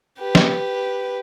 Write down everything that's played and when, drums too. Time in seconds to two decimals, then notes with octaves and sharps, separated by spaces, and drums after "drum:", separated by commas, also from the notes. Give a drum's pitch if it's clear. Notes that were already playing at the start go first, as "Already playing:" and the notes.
0.19 G4 B4
0.35 drum: snare